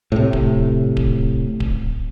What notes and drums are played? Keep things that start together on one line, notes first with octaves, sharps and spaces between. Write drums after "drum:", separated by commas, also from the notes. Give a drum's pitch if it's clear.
A2 C3
drum: kick D1
drum: kick D1
drum: kick D1